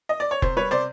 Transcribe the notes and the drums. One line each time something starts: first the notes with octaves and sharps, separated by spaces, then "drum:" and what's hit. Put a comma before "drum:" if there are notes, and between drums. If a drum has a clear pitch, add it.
D#5
D5
C#5
C3 C5, drum: kick F1
G3 B4 C#5
C3 C5 D5